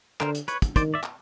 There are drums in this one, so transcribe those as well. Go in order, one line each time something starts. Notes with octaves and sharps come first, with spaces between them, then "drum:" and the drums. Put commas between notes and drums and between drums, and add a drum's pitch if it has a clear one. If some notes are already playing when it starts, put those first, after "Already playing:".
D3 A#4 C5, drum: clap
drum: hi-hat
B4 C#5, drum: hi-hat
drum: kick, hi-hat
D#3 C5 D5, drum: kick, hi-hat
D5 E5
drum: clap